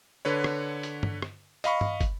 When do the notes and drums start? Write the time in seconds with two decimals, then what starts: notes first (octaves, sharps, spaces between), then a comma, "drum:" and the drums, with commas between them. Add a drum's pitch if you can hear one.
0.25 D3 B4 C#5
0.44 drum: rim click
0.83 drum: hi-hat
1.03 drum: tom G2
1.22 drum: rim click
1.64 D#5 F5 B5 C#6, drum: hi-hat
1.81 drum: tom G2
2.01 drum: kick, hi-hat